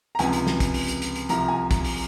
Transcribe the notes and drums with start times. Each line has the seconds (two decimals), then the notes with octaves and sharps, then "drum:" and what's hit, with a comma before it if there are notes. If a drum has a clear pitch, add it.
0.15 A#5
0.19 C#2 C3 F3 G#5, drum: hi-hat
0.33 drum: hi-hat
0.47 drum: snare
0.60 drum: kick, hi-hat
0.74 drum: open hi-hat
0.88 drum: hi-hat
1.02 drum: hi-hat
1.16 drum: hi-hat
1.29 C2 C3 F3 A#5, drum: hi-hat
1.48 G#5
1.71 drum: kick, hi-hat
1.84 drum: open hi-hat